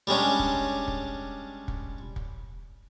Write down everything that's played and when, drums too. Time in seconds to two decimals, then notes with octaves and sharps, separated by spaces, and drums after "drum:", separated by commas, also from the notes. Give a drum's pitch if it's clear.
0.07 G3 G#3 C#4 D4
0.39 drum: kick
0.88 drum: kick
1.68 drum: kick
2.16 drum: kick